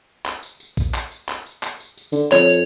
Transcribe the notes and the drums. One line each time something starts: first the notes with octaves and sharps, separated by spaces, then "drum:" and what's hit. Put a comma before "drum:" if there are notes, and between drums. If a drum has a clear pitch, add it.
drum: clap
drum: tambourine
drum: tambourine
drum: kick A#1, tambourine
drum: clap
drum: tambourine
drum: clap
drum: tambourine
drum: clap
drum: tambourine
drum: tambourine
D3, drum: tambourine
F2 C#5, drum: clap
drum: tambourine